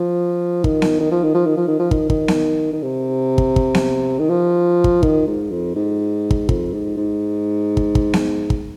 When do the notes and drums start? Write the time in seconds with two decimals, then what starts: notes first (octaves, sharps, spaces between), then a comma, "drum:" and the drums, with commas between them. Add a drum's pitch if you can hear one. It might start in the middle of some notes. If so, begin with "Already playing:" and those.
Already playing: F3
0.64 D#3, drum: kick
0.82 drum: snare B3
1.00 D#3
1.12 F3
1.23 D#3
1.35 F3
1.46 D#3
1.57 F3
1.68 D#3
1.80 F3
1.91 D#3, drum: kick
2.10 D#3, drum: kick
2.28 drum: snare B3
2.73 D#3
2.83 C3
3.38 drum: kick
3.56 drum: kick
3.75 drum: snare B3
4.19 D#3
4.30 F3
4.84 drum: kick
5.03 D#3, drum: kick
5.27 G#2
5.51 F2
5.75 G#2
6.31 drum: kick
6.49 F2, drum: kick
6.73 G#2
6.97 G#2
7.77 drum: kick
7.95 drum: kick
8.13 drum: snare B3
8.50 drum: kick